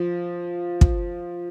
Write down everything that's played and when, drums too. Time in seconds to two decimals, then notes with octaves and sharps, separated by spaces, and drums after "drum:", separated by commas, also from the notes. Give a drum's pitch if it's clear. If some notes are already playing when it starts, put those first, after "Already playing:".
Already playing: F3
0.81 drum: kick